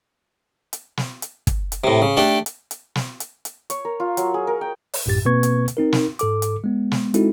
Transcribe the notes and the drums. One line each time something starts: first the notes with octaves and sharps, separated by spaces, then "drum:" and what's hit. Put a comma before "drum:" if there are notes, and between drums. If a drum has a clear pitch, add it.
drum: hi-hat
drum: snare
drum: hi-hat
drum: kick, hi-hat
drum: hi-hat
A2 C3
C#3
A3 D4 G4 A4
drum: hi-hat
drum: hi-hat
drum: snare
drum: hi-hat
drum: hi-hat
C#5, drum: hi-hat
A#4
F4
F#3, drum: hi-hat
G#4
A#4
G5
drum: open hi-hat
A1 F#2 A2 G4 A6
B2 A#3 C4 B4 C#6 G#6
drum: hi-hat
drum: hi-hat
C4 D#4 A#4
drum: snare
G#2 A4 D6, drum: hi-hat
drum: hi-hat
G#3 B3
drum: snare
G#3 C4 D#4 E4 F#4 A4, drum: hi-hat